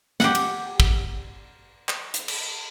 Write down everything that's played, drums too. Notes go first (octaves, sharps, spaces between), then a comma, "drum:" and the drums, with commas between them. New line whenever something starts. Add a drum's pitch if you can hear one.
G4 F#5, drum: snare
drum: cymbal
drum: kick
drum: clap
drum: hi-hat
drum: cymbal